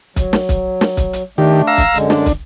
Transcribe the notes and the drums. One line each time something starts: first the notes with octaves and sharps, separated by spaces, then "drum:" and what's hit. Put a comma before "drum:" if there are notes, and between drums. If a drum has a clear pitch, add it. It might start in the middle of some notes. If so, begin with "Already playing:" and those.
F#3, drum: kick, hi-hat
drum: snare
drum: kick, hi-hat
drum: snare
drum: kick, hi-hat
drum: hi-hat
D#3 A3 D4 G4
F5 A#5 E6
drum: kick, hi-hat
F#2 D3 G#3, drum: hi-hat
D4, drum: snare
drum: kick, hi-hat